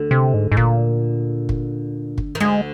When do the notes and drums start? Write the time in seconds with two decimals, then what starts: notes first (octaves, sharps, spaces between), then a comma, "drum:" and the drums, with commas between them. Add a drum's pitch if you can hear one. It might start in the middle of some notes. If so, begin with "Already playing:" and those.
Already playing: D2 D3
0.11 C3
0.34 G#2
0.52 G#2
0.57 A#2, drum: kick
1.49 drum: kick
2.18 drum: kick
2.35 D#3
2.40 D2 D3 G#3